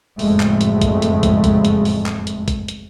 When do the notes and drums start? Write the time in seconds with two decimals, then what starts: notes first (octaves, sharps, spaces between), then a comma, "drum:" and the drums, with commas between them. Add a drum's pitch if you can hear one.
0.19 F#1 F2 A2 G#3 A3, drum: open hi-hat
0.40 drum: clap
0.61 drum: hi-hat
0.81 drum: kick, hi-hat
1.02 drum: hi-hat
1.23 drum: kick, hi-hat
1.44 drum: kick, hi-hat
1.65 drum: hi-hat
1.85 drum: open hi-hat
2.06 drum: clap
2.27 drum: hi-hat
2.48 drum: kick, hi-hat
2.68 drum: hi-hat